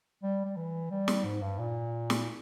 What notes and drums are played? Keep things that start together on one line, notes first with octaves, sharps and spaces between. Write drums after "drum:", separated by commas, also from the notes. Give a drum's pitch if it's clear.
G3
G3
E3
G3
drum: snare
G#2
G2
A#2
drum: snare